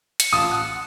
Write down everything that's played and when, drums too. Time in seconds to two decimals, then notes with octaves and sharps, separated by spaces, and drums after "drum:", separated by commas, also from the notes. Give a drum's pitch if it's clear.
0.20 C#7, drum: hi-hat
0.33 A1 F4 A5 D#6
0.51 F#5